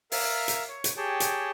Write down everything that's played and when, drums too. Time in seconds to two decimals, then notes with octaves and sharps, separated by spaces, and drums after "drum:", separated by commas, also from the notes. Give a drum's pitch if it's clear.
0.12 A#4 E5 F5, drum: open hi-hat
0.48 drum: hi-hat
0.68 C#5
0.84 drum: hi-hat
0.97 G4 G#4 C#5 G5 A5
1.20 drum: hi-hat